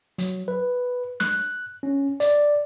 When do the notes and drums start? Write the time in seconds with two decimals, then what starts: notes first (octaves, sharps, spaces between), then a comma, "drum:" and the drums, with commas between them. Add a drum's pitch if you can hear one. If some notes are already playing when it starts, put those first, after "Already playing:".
0.18 F#3, drum: hi-hat
0.48 B4
1.20 F#6, drum: snare
1.83 C#4
2.20 D5, drum: hi-hat